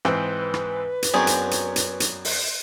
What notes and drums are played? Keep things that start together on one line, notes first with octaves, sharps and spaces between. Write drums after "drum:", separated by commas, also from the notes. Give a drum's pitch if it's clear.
G#2 E3 C4 B4, drum: rim click
drum: rim click
drum: hi-hat
F#2 F#3 B3 C4 D4 G#4
drum: hi-hat
drum: hi-hat
drum: hi-hat
drum: hi-hat
drum: open hi-hat